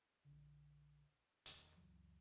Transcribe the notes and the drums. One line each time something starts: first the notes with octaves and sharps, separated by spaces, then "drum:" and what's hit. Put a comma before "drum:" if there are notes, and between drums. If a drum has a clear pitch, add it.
A#1 D3
E1 D#3 G3, drum: hi-hat
C#2 F#2 E3 F#3